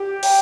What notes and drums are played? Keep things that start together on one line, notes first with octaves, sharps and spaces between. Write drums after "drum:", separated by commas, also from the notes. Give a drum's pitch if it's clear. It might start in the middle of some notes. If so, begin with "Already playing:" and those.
Already playing: G4
G5, drum: open hi-hat